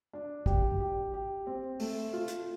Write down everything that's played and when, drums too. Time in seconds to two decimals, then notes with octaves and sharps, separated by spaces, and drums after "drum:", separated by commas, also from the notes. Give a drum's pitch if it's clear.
0.13 D4
0.46 G4, drum: kick
0.80 G4
1.14 G4
1.47 C4
1.80 A3, drum: open hi-hat
2.13 F4
2.28 drum: hi-hat